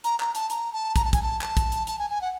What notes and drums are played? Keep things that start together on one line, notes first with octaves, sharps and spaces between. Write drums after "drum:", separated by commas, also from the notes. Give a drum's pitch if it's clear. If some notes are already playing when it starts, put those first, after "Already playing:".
A#5, drum: hi-hat
A#5, drum: clap
A5, drum: hi-hat
A#5, drum: hi-hat
A5
A#5, drum: kick, hi-hat
A5
G#5, drum: kick, hi-hat
A5
A5, drum: clap
drum: kick, hi-hat
drum: hi-hat
A5, drum: hi-hat
G#5
G#5
F#5